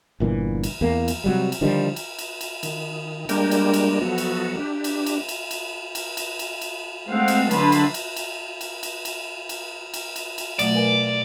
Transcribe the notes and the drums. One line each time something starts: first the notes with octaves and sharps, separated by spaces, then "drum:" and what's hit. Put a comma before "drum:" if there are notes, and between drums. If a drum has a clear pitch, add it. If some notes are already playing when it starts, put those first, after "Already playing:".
G1 A#2 E3
drum: cymbal
E2 A#3
drum: cymbal
C3 F#3 G3
drum: cymbal
D3 D#3 F3 G3
drum: cymbal
drum: cymbal
drum: cymbal
D#3, drum: cymbal
G3 G#3 A#3 D4 A#4 G5, drum: cymbal
drum: cymbal
drum: cymbal
F3 F#3 B3 F#4 A4
drum: cymbal
D4 G4
drum: cymbal
drum: cymbal
drum: cymbal
drum: cymbal
drum: cymbal
drum: cymbal
drum: cymbal
drum: cymbal
G#3 A3 C4 F5 F#5
drum: cymbal
D3 F#3 B4 A5 B5 C6, drum: cymbal
drum: cymbal
drum: cymbal
drum: cymbal
drum: cymbal
drum: cymbal
drum: cymbal
drum: cymbal
drum: cymbal
drum: cymbal
drum: cymbal
B2 F#3 A3 D5, drum: cymbal
A#4 B4 G#5